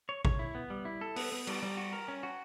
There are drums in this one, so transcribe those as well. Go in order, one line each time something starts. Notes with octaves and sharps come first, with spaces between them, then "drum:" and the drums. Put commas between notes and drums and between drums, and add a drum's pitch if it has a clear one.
C#5
C#5, drum: kick
E4
B3
G3
E4
A4
B3, drum: open hi-hat
B3
G3, drum: cymbal
G3
F#4
A#4
C#4
F#4